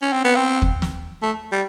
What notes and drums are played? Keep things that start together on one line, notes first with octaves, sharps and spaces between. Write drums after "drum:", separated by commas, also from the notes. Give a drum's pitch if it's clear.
C#4
C4
B3
C4
drum: kick
drum: snare
A3
G3